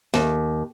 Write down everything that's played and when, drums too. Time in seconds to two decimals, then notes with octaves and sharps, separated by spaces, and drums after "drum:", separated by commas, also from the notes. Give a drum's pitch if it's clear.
0.14 D#2, drum: snare